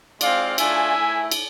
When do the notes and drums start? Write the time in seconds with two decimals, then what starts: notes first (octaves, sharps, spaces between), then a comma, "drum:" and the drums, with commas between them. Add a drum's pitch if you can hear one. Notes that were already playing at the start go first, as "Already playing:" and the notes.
0.21 G#3 C4 F4 D5 F5, drum: cymbal
0.58 A3 D4 F4 E5 G#5, drum: cymbal
0.94 A3 E4
1.31 drum: cymbal